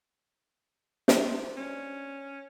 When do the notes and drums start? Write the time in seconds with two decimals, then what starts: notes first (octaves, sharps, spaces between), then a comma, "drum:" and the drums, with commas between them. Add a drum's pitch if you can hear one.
1.08 drum: snare
1.22 D4 C5
1.57 C#4